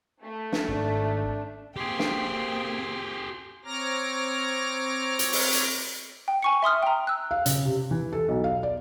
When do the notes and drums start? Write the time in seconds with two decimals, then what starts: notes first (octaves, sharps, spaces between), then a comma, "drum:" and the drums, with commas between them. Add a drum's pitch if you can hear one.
0.23 A3
0.52 drum: snare
0.69 G#1 D4
1.76 A#3 C4 G4 G#4 G5 C6
1.99 drum: snare
3.65 C4 C#5 A#5 D6 F6 A#6
5.19 drum: hi-hat
5.33 drum: open hi-hat
5.53 drum: hi-hat
6.28 G5
6.43 G#5 C#6 C#7
6.63 E5 C6 D#6 F6
6.83 G5 A#5
7.07 E6 F#6
7.31 F5
7.46 C#3, drum: hi-hat
7.65 C3
7.91 E3
8.13 A4
8.28 B1
8.44 F5
8.63 D5